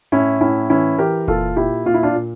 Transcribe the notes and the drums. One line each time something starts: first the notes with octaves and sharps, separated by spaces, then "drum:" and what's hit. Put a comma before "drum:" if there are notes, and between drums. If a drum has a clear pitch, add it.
A2 C#4 E4
A2 C#4 E4
E3 C#4 E4
E3 G4 A#4
A#2 F4 A4, drum: kick F1
A#2 E4 G4
A#2 F4
E4
D4 F4
A#2